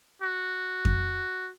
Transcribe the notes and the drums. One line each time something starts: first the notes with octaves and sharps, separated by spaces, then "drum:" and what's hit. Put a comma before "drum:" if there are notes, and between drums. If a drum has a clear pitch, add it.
F#4
drum: kick F2